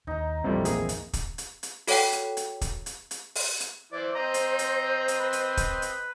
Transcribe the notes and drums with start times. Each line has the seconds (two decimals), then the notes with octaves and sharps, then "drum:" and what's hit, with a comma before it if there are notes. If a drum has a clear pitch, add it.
0.07 D#2 D#4 A#5
0.44 A#1 E2 A#2 F3 G3 A3 C4 E4
0.65 A#3 G#4, drum: hi-hat
0.89 drum: hi-hat
1.13 drum: kick, hi-hat
1.38 drum: hi-hat
1.63 drum: hi-hat
1.87 F#4 A4 C#5 F#5 G5, drum: open hi-hat
2.12 drum: hi-hat
2.37 drum: hi-hat
2.61 drum: kick, hi-hat
2.86 drum: hi-hat
3.11 drum: hi-hat
3.35 drum: open hi-hat
3.60 drum: hi-hat
3.92 E3 E4 C5 D5
4.15 C4 D#5 A#5
4.34 drum: hi-hat
4.59 drum: hi-hat
5.08 drum: hi-hat
5.19 B4
5.33 drum: hi-hat
5.57 drum: kick, hi-hat
5.82 drum: hi-hat